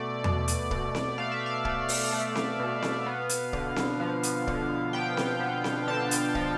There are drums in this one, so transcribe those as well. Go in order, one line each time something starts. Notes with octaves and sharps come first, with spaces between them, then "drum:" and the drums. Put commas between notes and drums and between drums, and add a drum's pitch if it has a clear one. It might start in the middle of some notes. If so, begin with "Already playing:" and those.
Already playing: B2 A3 D5
B2, drum: tom E2
drum: hi-hat
B2, drum: kick
drum: snare C4
A3 F5
E5
F5
A3, drum: kick
drum: open hi-hat
A3
drum: snare C4
B2
drum: snare C4
B3
drum: hi-hat
D3, drum: kick
drum: snare C4
F3
drum: hi-hat
D3, drum: kick
B3 G5
drum: snare C4
B3
drum: snare C4
D3 A5
drum: hi-hat
F3, drum: kick